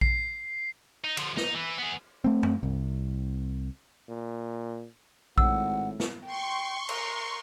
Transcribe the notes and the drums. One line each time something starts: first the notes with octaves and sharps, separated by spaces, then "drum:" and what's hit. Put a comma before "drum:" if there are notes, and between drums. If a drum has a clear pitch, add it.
C7, drum: kick A#1
D#4
D3 F3, drum: cymbal
D#4, drum: snare
E3
B3 G#4
A3 C4
drum: tom F#2
C2
A#2
G#1 A2 F#5 E6, drum: kick A#1
drum: snare
G5 C6 C#6
A#4, drum: cymbal